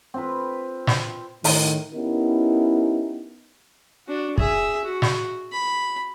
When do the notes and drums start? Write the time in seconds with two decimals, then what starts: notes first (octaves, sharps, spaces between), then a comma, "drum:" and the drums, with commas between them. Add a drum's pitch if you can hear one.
0.14 C4 F4 B4
0.87 drum: snare
1.44 A2 D#3, drum: open hi-hat
1.93 B3 C#4 D#4 E4 G4 A#4
4.07 D4 F#4
4.38 G#4 E5, drum: kick
4.84 F#4
5.02 drum: snare
5.52 B5